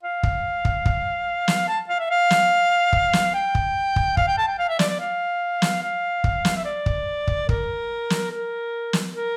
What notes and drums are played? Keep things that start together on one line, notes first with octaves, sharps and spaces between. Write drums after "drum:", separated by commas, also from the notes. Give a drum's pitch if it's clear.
F5
drum: kick
drum: kick
drum: kick
drum: snare
A5
F5
E5
F5
drum: snare
drum: kick
drum: snare
G5
drum: kick
drum: kick
F5, drum: kick
G5
A5
G5
F5
E5
D5, drum: snare
D5
F5
drum: snare
F5
drum: kick
drum: snare
E5
D5
drum: kick
drum: kick
A#4, drum: kick
drum: snare
A#4
drum: snare
A#4